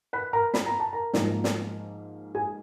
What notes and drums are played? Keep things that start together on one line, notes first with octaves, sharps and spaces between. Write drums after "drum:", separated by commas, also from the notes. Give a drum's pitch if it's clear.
B4 B5
A#4 A#5
B5, drum: snare
A#5
A5
A#4 A#5
G#2 F3 A#3, drum: snare
drum: snare
G#4 G#5